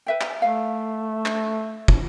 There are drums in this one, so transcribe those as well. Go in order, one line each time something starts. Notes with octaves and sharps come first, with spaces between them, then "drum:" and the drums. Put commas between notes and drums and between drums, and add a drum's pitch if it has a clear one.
B4 E5 G5
drum: clap
A3 F5
drum: clap
drum: kick